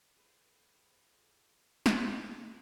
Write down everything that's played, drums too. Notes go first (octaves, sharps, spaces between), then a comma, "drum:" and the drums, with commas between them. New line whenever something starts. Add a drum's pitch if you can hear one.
F2 G#4 B4
drum: snare